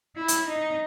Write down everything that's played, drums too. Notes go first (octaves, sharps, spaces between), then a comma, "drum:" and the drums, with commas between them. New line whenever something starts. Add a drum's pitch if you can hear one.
E4
drum: hi-hat
D#4